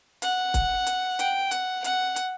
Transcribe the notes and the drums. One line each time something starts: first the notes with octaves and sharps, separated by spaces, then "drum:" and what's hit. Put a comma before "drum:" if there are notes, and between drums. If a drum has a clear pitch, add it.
F#5, drum: hi-hat
drum: kick, hi-hat
drum: hi-hat
G5, drum: hi-hat
F#5, drum: hi-hat
F#5, drum: hi-hat
drum: hi-hat